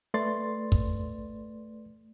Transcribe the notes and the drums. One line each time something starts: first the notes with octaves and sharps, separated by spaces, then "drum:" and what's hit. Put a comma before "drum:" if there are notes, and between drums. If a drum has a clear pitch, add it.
A3 B4 D5 C6 A6
drum: kick